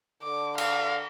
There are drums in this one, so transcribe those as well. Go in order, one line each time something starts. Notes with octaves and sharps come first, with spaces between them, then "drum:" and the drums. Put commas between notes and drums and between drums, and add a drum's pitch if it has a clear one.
D3 D6
F5, drum: cymbal